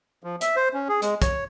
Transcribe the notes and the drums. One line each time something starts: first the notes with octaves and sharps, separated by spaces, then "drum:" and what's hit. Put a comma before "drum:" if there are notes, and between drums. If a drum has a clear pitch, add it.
F3
E5, drum: hi-hat
C5
C#4
G#4
G#3, drum: hi-hat
C#5, drum: kick, hi-hat